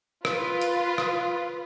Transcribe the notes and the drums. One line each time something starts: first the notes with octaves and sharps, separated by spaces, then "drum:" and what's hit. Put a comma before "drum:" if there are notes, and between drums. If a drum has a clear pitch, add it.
F4 B4, drum: rim click
drum: hi-hat
drum: rim click